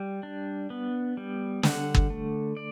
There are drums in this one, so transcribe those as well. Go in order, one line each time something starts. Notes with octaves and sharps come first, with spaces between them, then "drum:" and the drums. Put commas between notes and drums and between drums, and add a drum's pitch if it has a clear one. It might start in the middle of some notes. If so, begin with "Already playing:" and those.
Already playing: G3
D4
B3
G3
D3 F#5, drum: snare
drum: kick
A3
D5